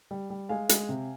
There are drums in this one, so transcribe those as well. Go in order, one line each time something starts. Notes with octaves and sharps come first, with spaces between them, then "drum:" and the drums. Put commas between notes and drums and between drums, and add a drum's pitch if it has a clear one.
G3
G3
G#3 F5 G#5
G#3, drum: hi-hat
C3